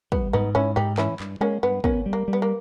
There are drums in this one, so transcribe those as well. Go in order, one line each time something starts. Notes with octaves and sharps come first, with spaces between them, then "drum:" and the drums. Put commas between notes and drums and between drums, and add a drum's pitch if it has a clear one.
G3 B3, drum: kick
G#2 B3 D#4
G#2 C#4 E4
G#2 D#4 G4
E3 C#4 E4, drum: clap
G2, drum: clap
G#3 A#3 C#4
G2 B3
A#3 B3 C#4, drum: kick
G3
A#3
G3
B3
A#3